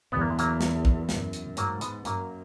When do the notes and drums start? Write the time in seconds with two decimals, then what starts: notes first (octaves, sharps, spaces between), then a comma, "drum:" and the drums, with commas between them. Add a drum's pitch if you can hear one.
0.12 E2 B3
0.21 A#3
0.30 G#3
0.39 F#3 A#3, drum: hi-hat
0.61 drum: snare
0.85 drum: kick A#1
1.09 F#2, drum: snare
1.33 drum: hi-hat
1.57 G#2 F#3 A#3, drum: hi-hat
1.81 G#3 B3, drum: hi-hat
2.05 F#2 F#3 A#3, drum: hi-hat